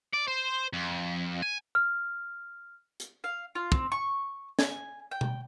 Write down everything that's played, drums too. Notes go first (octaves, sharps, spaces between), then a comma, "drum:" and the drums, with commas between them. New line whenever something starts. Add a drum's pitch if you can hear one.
D5
C5
F2
G#5
F6
drum: hi-hat
F5
F4
C4, drum: kick
C#6
G#5, drum: snare
G5
drum: tom B2